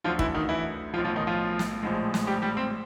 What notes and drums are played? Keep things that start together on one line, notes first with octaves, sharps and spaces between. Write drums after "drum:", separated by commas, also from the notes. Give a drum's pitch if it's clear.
D2 D3 F3 F#3 F4
E3 E4, drum: kick
D#3 D#4
E3 E4
B1 A2 F3 F4
F3 F4
D#3 D#4
F3 F4
drum: snare
A#1 A2 F3 G#3
drum: snare
G3 G4
G3 G4
C4 C5